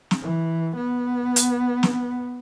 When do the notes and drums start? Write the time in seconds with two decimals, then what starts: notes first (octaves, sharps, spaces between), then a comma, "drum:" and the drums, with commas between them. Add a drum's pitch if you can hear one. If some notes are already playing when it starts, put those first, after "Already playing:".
0.11 drum: snare
0.22 E3
0.76 B3
1.36 drum: hi-hat
1.83 drum: snare